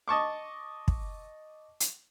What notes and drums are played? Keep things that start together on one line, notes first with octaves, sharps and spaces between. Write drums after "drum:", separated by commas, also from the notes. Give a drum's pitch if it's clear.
D#5 A5 C#6 D6
drum: kick
drum: hi-hat